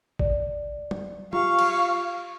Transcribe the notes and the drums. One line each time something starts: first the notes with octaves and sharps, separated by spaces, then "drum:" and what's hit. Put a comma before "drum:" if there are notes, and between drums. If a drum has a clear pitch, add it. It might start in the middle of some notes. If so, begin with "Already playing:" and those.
D5, drum: kick
drum: tom
F4 G4 F5 C#6, drum: tom
drum: cymbal